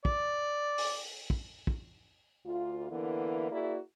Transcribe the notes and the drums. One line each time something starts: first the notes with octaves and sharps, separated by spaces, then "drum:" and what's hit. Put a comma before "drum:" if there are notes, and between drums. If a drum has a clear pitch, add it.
D5, drum: kick
drum: open hi-hat
drum: kick
drum: kick
D2 F4
D3 E3 A#3 B3 E4
A#3 E4 F#4 G#4 D5